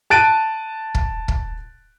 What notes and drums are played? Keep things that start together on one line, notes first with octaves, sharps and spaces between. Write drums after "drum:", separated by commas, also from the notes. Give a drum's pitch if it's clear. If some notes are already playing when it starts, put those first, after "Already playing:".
A5 F#6 A6 D7 D#7
drum: kick
drum: kick